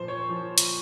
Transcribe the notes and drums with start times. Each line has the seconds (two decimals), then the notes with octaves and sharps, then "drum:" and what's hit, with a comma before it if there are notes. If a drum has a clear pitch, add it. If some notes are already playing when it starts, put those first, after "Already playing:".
Already playing: A#2 F3 C5
0.08 C#5
0.29 F3
0.58 drum: hi-hat